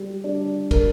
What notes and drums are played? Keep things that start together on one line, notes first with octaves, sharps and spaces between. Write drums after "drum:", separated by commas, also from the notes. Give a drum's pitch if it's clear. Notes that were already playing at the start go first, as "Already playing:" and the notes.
Already playing: G3
D4
A#4, drum: kick, cymbal